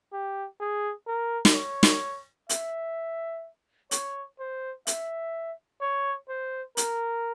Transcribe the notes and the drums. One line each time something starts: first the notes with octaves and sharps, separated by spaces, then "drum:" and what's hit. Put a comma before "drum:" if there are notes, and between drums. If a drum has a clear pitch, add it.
G4
G#4
A#4
drum: snare
C#5
drum: snare
E5, drum: hi-hat
C#5, drum: hi-hat
C5
E5, drum: hi-hat
C#5
C5
A#4, drum: hi-hat